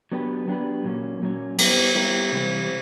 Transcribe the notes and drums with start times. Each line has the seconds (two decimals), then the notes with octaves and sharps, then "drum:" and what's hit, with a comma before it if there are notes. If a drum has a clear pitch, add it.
0.12 F#3 B3 D4 G4 B4
0.48 F#3 B3 D4 G4 B4
0.84 A#2 F#3 A#3 C#4
1.22 A#2 F#3 A#3 C#4
1.58 G3 B3 E4 G4 A#4, drum: cymbal
1.95 G3 B3 E4 G4 A#4
2.32 C3 E3 G3